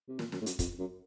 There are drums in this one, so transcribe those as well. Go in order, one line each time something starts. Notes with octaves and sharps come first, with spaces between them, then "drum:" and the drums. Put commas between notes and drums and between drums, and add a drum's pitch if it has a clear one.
C3
A#2, drum: snare
F#2, drum: snare
A2
F#2, drum: hi-hat
F2, drum: kick, hi-hat
F#2